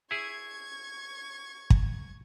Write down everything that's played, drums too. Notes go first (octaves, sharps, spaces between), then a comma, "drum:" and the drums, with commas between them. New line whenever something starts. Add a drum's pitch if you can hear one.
E4 G#4 C#6 G#6
drum: kick